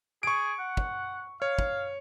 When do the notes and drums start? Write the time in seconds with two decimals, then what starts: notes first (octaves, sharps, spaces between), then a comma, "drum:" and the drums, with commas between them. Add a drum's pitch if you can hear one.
0.23 G#4 C#6 D7
0.59 F#5
0.77 drum: kick
1.42 C#5 F5
1.59 drum: kick